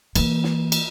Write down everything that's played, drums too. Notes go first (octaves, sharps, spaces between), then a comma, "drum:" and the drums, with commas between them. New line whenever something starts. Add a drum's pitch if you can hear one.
E3 A#3, drum: cymbal
drum: snare
drum: cymbal